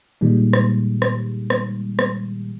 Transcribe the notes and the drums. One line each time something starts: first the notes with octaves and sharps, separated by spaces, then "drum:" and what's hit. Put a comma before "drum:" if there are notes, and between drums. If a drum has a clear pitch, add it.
A#2 D#3 G3 G#3
drum: rim click
drum: rim click
drum: rim click
drum: rim click